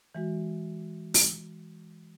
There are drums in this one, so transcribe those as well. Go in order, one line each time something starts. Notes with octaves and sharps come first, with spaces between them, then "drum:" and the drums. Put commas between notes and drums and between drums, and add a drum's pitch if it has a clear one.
E3 G#3 F#4
drum: open hi-hat